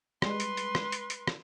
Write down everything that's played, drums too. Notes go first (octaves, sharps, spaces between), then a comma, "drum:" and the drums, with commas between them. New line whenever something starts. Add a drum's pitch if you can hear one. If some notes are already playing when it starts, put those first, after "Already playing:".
G3 G#3 B4 C6, drum: rim click
drum: hi-hat
drum: hi-hat
drum: rim click
drum: hi-hat
drum: hi-hat
drum: rim click